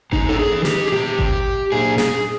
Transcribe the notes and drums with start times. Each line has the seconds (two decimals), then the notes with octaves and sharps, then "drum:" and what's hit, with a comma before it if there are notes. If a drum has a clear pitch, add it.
0.12 A2 D#4, drum: kick G#1
0.29 A4
0.39 G#4
0.51 E3
0.65 G4, drum: snare
0.85 G#4
0.92 A#2 G4
1.19 drum: kick G#1
1.72 A#2 G#4
1.98 G#4, drum: snare